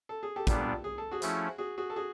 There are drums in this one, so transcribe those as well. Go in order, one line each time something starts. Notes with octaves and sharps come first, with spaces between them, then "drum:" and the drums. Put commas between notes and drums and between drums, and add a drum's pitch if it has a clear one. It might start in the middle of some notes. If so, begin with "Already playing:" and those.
A4
G#4
G4 A4
A#2 G3 B3 D4, drum: kick, hi-hat
G#4
A4
F#4 G#4
F3 A3 C#4 E4, drum: hi-hat
F#4 G#4
F#4 G#4
A4
F#4 G#4